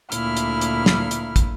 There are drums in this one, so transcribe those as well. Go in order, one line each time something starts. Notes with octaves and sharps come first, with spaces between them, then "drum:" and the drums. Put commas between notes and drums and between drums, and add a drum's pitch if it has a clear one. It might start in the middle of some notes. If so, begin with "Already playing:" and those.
D2 A#2 E4 F6, drum: hi-hat
drum: hi-hat
drum: hi-hat
drum: snare
drum: hi-hat
drum: kick, hi-hat